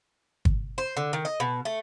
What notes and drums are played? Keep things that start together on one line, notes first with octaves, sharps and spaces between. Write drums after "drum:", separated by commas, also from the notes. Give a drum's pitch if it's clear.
drum: kick
C5
D3
D#3
D#5
B2
A3